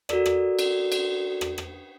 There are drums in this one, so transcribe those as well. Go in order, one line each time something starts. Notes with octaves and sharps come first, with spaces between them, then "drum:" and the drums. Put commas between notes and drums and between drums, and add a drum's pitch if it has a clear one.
F#4 A4 A#4 D5, drum: rim click
drum: rim click
drum: cymbal
drum: cymbal
drum: rim click
drum: rim click